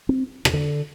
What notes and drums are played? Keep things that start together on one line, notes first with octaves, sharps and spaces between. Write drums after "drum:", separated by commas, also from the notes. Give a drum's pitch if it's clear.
C4
C3, drum: rim click
D3